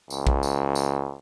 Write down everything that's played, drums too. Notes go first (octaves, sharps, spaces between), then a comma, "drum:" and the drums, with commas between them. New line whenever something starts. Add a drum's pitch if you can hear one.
C#2, drum: tambourine
drum: kick A#1
drum: tambourine
drum: tambourine